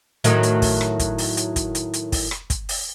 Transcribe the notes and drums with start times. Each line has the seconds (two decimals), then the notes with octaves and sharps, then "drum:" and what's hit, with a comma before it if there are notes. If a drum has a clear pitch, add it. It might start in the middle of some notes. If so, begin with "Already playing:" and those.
0.24 A2 D#3 F#3, drum: hi-hat
0.43 drum: hi-hat
0.62 drum: kick, open hi-hat
0.81 drum: rim click
1.00 drum: kick, hi-hat
1.18 drum: open hi-hat
1.37 drum: hi-hat
1.56 drum: kick, hi-hat
1.75 drum: hi-hat
1.94 drum: hi-hat
2.12 drum: kick, open hi-hat
2.31 drum: rim click
2.50 drum: kick, hi-hat
2.69 drum: open hi-hat